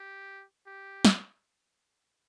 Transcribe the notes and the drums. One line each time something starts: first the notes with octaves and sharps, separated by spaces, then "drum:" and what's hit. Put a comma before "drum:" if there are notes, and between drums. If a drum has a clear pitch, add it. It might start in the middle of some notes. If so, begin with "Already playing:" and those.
Already playing: G4
G4
drum: snare